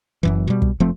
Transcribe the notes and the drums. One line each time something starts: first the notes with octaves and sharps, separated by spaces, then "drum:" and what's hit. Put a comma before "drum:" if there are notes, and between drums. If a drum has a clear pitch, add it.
F#1 F#2 E3
B2 G3
drum: kick
F1 F3 A3 C4